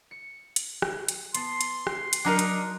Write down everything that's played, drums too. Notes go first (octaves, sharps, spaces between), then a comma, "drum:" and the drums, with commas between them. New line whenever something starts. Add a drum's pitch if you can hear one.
C#7
drum: hi-hat
drum: rim click
drum: hi-hat
B3 A5 C6, drum: hi-hat
drum: hi-hat
drum: rim click
drum: hi-hat
F#3 D4 D#4 A#4
drum: hi-hat